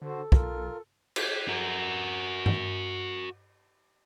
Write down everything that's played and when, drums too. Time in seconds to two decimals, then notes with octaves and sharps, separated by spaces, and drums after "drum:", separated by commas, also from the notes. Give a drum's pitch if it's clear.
0.02 D3 F#4 A4 C5
0.32 B1 F4 A#4, drum: kick
1.16 drum: cymbal
1.48 F#4 A#4
2.46 drum: tom G2